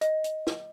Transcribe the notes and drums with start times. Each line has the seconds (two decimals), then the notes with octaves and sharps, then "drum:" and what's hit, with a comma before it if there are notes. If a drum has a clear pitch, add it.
0.01 D#5, drum: hi-hat
0.24 drum: hi-hat
0.47 drum: snare